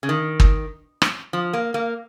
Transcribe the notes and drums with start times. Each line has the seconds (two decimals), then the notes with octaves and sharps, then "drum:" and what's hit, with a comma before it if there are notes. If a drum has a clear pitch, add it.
0.03 C#3
0.09 D#3
0.40 drum: kick
1.02 drum: rim click
1.33 F3
1.53 A#3
1.74 A#3